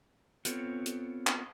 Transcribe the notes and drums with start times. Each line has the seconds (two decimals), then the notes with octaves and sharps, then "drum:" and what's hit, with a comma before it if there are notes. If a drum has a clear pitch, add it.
0.45 B3 C4 F4 A4 C#5, drum: hi-hat
0.86 drum: hi-hat
1.27 drum: clap